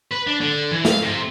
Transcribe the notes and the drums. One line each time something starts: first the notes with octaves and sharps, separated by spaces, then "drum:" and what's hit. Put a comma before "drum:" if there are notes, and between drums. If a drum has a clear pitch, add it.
B4
D4
D3
E3
F5, drum: snare
C3